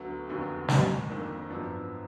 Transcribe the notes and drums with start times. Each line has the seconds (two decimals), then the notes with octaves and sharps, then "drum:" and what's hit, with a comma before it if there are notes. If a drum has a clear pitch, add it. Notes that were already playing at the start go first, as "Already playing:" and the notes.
Already playing: D2 D3 F#3 B3
0.27 F1 D#2 D3 F#3 B3
0.68 G#1 G#2 D#3 G#3, drum: snare
1.09 F2 D#3 A#3 D4
1.50 G#1 F#2 F3 B3 D4